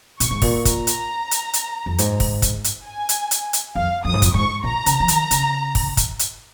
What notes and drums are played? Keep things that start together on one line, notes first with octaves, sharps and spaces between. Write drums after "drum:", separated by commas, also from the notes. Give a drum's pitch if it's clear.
A#2 C#6, drum: hi-hat
G#2
A#2, drum: kick, open hi-hat
A#5, drum: kick, hi-hat
drum: hi-hat
drum: hi-hat
drum: hi-hat
F2
G#2, drum: hi-hat
drum: kick, open hi-hat
drum: kick, hi-hat
drum: hi-hat
G#5
drum: hi-hat
drum: hi-hat
drum: hi-hat
F2 F5
F2 D#6
G#2
F2, drum: kick, hi-hat
G#2 C#6
A#2 A#5
C#3, drum: hi-hat
F3
D#3, drum: hi-hat
C#3, drum: hi-hat
drum: kick, open hi-hat
drum: kick, hi-hat
drum: hi-hat